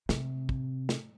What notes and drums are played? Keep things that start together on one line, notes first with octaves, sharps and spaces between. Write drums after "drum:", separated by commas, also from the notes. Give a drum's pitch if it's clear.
C3, drum: snare
drum: kick
drum: snare